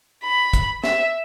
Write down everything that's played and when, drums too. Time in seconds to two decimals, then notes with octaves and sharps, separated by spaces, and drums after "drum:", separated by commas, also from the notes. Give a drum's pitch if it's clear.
0.23 B5
0.53 drum: kick, hi-hat
0.84 E5, drum: snare